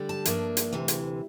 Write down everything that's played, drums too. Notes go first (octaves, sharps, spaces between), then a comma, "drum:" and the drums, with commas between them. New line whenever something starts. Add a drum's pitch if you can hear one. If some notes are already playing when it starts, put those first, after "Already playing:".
Already playing: D3 G3
A5
G2 F3 A#3 D4 E5, drum: hi-hat
drum: hi-hat
D2 C3 E3
drum: hi-hat